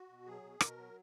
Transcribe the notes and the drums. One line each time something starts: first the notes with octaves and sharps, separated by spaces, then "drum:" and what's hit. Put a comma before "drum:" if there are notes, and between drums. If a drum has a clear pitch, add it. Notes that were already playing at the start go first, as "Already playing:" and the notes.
Already playing: F#4
B2
F#3 G#4
B2
B2 A#4, drum: rim click
F#3